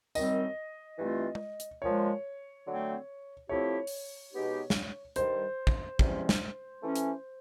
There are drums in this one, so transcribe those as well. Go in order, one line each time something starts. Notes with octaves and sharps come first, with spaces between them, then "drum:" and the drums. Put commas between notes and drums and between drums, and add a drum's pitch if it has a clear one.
F#2 D#3 G3 C4 D#5, drum: tambourine
G2 E3 A3 C4 F4
drum: tom
drum: hi-hat
A#2 F3 G#3 C#5
D3 F#3 A3 C4
F3 A3 C4 E4 G4 C#5
drum: open hi-hat
B2 G#3 B3 D#4 G4
drum: snare
G2 D#3 G3 C5, drum: hi-hat
drum: kick
E2 C3 F3 G#3 C#4, drum: kick
drum: snare
E3 A3 C#4
drum: hi-hat